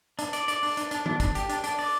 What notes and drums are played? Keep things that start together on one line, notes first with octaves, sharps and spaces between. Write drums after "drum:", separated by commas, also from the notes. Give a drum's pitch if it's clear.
D4, drum: hi-hat
D5, drum: hi-hat
D5, drum: hi-hat
D4, drum: open hi-hat
D4, drum: hi-hat
D4, drum: hi-hat
D4, drum: tom D#3
D4, drum: kick, hi-hat
G4, drum: hi-hat
D4, drum: hi-hat
D4, drum: hi-hat
D5, drum: open hi-hat